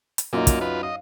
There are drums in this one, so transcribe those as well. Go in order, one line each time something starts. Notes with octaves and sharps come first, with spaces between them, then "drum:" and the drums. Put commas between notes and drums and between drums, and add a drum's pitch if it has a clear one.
drum: hi-hat
F#2 A#3 D#4 F4
drum: kick, hi-hat
F4 B4
D#5 F5